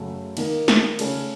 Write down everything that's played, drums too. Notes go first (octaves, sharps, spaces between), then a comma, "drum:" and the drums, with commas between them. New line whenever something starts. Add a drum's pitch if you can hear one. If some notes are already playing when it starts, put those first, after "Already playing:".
Already playing: F#2 C#3 F#3 A3
D#3 A#3 D#4 A#4, drum: cymbal
drum: snare
C#3 A3 C#4, drum: cymbal